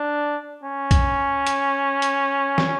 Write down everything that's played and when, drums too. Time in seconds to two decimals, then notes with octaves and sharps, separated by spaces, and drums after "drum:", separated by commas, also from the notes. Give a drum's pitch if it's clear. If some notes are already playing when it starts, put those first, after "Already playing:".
Already playing: D4
0.63 C#4
0.91 drum: kick A#1, hi-hat
1.47 drum: hi-hat
2.02 drum: hi-hat
2.58 drum: snare